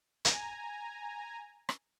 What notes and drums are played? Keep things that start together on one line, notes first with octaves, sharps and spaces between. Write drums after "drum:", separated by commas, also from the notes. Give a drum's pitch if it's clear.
G#5 A#5, drum: hi-hat
drum: rim click